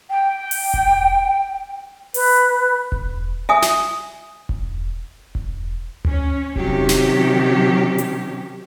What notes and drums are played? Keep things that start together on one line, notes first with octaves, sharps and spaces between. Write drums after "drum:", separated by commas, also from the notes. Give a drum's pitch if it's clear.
G5
drum: open hi-hat
drum: kick E1
B4, drum: open hi-hat
drum: kick E1
E5 G#5 D#6
drum: snare
drum: kick E1
drum: kick E1
C#4, drum: tom D2
C3 D#3 F#3 C#4 G4, drum: kick E1
drum: snare
drum: hi-hat